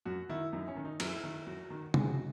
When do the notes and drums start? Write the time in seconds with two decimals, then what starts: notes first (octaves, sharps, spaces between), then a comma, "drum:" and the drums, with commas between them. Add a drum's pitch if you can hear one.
0.05 F#2 F#4
0.29 D#3 E4
0.53 F#2 D#4
0.68 C#4
0.76 D#3
0.85 D#4
1.00 F#2 E4, drum: cymbal
1.23 D#3
1.47 F#2 F#4
1.70 D#3
1.94 G#2 G#4, drum: tom C3
2.09 F#4